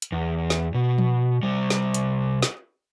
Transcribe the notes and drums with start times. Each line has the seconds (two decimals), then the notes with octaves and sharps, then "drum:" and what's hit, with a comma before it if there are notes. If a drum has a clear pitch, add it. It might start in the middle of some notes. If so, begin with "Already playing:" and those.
0.02 drum: hi-hat
0.12 E2
0.50 drum: snare
0.74 B2
0.98 drum: tom F3
1.43 C3 G3
1.70 drum: snare
1.94 drum: hi-hat
2.42 drum: snare